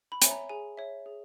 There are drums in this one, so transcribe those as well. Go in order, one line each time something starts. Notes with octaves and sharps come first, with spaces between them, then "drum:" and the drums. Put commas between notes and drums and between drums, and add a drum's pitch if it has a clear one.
B5
C#5 E5 G#5, drum: hi-hat
A#5
G#4 G#5
C#5 E5
G#4